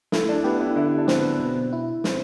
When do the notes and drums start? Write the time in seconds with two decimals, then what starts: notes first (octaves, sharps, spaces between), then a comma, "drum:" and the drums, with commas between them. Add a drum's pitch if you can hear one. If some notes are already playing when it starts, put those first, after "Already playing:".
0.12 A3 E4, drum: snare
0.29 D4
0.44 B3 G4
0.60 E4
0.76 D3 E4
0.97 D4
1.08 C4, drum: snare
1.18 B3
1.40 B2
1.73 E4
2.04 C4, drum: snare